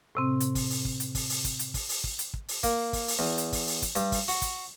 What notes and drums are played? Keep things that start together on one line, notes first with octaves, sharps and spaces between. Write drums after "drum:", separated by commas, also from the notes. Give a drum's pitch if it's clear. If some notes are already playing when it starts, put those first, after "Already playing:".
A2 C3 C4
drum: hi-hat
drum: kick, open hi-hat
drum: open hi-hat
drum: kick
drum: hi-hat
drum: kick, open hi-hat
drum: open hi-hat
drum: kick, hi-hat
drum: hi-hat
drum: kick, open hi-hat
drum: open hi-hat
drum: kick
drum: hi-hat
drum: kick
drum: open hi-hat
A#3, drum: kick, hi-hat
drum: kick, open hi-hat
drum: open hi-hat
E2
drum: hi-hat
drum: kick, open hi-hat
drum: open hi-hat
drum: kick, hi-hat
G2, drum: hi-hat
drum: kick, open hi-hat
F#4, drum: open hi-hat
drum: kick, hi-hat